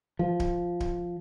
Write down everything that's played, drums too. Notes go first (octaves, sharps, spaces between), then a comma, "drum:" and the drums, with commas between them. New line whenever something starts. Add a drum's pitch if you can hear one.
F3
drum: kick D1
drum: kick D1